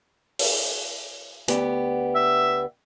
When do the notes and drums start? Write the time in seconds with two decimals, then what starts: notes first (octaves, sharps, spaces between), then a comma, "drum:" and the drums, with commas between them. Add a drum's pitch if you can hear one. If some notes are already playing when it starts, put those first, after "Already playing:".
0.39 drum: open hi-hat
1.48 D2 B3 G4, drum: hi-hat
2.15 E5